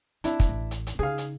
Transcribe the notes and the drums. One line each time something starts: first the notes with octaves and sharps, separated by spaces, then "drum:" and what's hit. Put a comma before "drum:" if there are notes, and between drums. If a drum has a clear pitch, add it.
C4 D4 E4, drum: hi-hat
drum: kick, hi-hat
A1
drum: hi-hat
drum: hi-hat
C#3 D#4 G#4 F5
drum: hi-hat